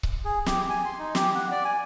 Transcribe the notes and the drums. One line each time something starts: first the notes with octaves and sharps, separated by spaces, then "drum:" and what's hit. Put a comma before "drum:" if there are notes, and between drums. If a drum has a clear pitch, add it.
drum: kick C#1
G#4
G4, drum: snare
G#5
C6
D#4
G4, drum: snare
F#5
D5
G#5